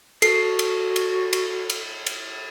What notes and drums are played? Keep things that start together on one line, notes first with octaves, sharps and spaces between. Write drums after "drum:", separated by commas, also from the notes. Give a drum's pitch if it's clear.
F#4 A4 C7, drum: cymbal
drum: cymbal
drum: cymbal
drum: cymbal
drum: cymbal
drum: cymbal